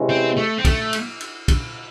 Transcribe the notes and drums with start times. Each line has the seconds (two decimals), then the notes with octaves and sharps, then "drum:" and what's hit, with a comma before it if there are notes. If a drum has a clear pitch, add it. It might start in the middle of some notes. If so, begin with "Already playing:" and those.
Already playing: C3 E3 G#3 C#4
0.09 C4
0.37 A3
0.58 C4
0.65 A3, drum: kick, cymbal
0.93 drum: cymbal
1.20 drum: cymbal
1.48 drum: kick, cymbal